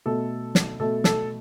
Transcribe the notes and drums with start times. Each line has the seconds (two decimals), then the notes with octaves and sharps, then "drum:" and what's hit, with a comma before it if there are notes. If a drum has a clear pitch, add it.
0.06 B2 A3 A4
0.55 drum: snare
0.79 B2 A3 A4
1.04 A4, drum: snare